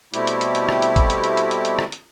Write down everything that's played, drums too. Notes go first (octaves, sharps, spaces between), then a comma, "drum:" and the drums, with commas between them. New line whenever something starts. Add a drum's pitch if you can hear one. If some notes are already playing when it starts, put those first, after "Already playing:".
B2 G3 A3 C4 E4 G4, drum: hi-hat
drum: hi-hat
drum: hi-hat
drum: hi-hat
drum: rim click
drum: hi-hat
drum: kick, hi-hat
drum: hi-hat
drum: hi-hat
drum: hi-hat
drum: hi-hat
drum: hi-hat
drum: rim click
drum: hi-hat